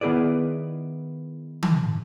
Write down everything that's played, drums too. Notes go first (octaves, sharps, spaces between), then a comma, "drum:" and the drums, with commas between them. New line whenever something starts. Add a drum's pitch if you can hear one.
D#3 B3 E4 G#4 B4 D5
drum: tom D#3